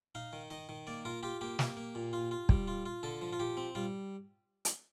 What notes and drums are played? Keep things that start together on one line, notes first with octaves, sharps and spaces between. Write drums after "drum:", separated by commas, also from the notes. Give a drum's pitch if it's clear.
D#4 F5
D#3
D#3 D#5
D#3
A#3 D5
F4 A#4
F4 G4
A#3 G4
A#3, drum: snare
A#3
A#2
F4
F4
G3, drum: kick
F4
F4
D3 A4
F3
F4
F3 G4
C4
G3 F4
drum: hi-hat